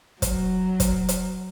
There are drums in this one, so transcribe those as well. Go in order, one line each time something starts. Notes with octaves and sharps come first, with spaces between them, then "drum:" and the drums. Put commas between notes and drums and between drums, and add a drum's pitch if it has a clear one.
F#3, drum: kick, hi-hat
drum: kick, hi-hat
drum: hi-hat